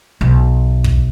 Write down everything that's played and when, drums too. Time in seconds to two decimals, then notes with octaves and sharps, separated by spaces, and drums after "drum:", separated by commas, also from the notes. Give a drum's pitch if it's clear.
0.21 B1
0.84 drum: kick